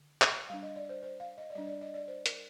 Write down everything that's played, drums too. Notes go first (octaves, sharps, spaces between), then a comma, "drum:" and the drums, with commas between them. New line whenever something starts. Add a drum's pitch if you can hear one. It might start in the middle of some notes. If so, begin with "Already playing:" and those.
Already playing: D3
drum: clap
G3 D4 F5
D#5
D5
C5
C5
F5
D#5
D5
G3 D4 D#5
D5
D#5
D5
C5
A#4, drum: hi-hat